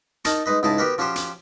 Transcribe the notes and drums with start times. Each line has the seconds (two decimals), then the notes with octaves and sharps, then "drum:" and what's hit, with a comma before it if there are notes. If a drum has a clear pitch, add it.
0.25 D#4 A#4 A5 A#5 C#6, drum: hi-hat
0.46 G#3 D#4 B4 D#5
0.63 C#2 G#2 E4 G#4 D#5 A5
0.78 B3 F#4 G4 A#4 B4
0.98 F3 C#4 F#4 G4 C5
1.16 drum: hi-hat